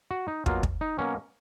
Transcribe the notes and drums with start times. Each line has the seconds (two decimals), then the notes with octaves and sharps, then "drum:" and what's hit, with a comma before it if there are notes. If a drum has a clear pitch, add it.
0.11 F#4
0.28 D#4
0.46 B2 F#3 A#3 F4, drum: kick
0.63 drum: kick
0.81 D#4
0.98 B2 F#3 A#3 C#4